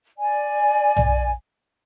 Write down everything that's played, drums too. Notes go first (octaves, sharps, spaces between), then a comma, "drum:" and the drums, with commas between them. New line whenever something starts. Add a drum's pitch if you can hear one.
D5 G#5
drum: tom B1